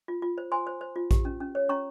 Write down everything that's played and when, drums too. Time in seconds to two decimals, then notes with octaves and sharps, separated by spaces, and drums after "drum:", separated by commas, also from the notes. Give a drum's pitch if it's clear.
0.08 F4
0.22 F4
0.38 C5
0.52 C5 G#5 C6
0.67 C5
0.81 C5
0.96 F4
1.11 G4, drum: kick A#1, hi-hat
1.25 C#4
1.40 C#4
1.55 C#5
1.69 C#4 A#5 C#6